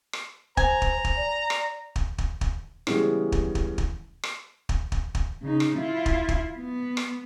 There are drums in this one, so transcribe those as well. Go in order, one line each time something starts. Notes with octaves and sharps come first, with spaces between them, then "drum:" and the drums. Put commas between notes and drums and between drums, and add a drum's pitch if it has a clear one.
drum: rim click
C5 G#5 A#5, drum: kick
drum: kick
drum: kick
D5
drum: rim click
drum: kick
drum: kick
drum: kick
C#3 E3 G3 G#3 B3 C#4, drum: rim click
drum: kick
drum: kick
drum: kick
drum: rim click
drum: kick
drum: kick
drum: kick
C#3 D#4
drum: rim click
E4 F4
drum: kick
drum: kick
B3
drum: rim click